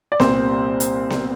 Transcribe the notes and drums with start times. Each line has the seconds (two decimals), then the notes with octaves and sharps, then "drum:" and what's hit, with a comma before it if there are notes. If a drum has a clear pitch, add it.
0.12 D5
0.20 C2 A#2 G3 C4 C5, drum: snare B3
0.80 drum: hi-hat
1.10 drum: snare B3